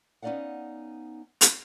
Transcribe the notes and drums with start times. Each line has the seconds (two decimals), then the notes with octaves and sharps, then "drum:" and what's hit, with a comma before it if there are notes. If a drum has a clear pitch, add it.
0.22 B3 C#4 D#4 D5 F5 F#5
1.41 drum: hi-hat